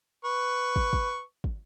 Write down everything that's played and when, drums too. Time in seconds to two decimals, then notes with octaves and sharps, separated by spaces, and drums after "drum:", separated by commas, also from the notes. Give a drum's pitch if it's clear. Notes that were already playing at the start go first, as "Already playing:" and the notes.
0.25 B4 C#6
0.76 drum: kick
0.93 drum: kick
1.44 drum: kick